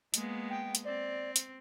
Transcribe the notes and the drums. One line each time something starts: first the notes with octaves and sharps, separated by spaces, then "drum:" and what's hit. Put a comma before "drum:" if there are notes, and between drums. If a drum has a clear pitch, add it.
G#3 A#3 B3, drum: hi-hat
G5
drum: hi-hat
C4 D5
drum: hi-hat